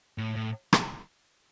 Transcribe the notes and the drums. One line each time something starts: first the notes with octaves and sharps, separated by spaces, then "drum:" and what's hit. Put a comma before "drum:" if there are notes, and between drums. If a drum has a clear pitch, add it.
A2
A2
drum: rim click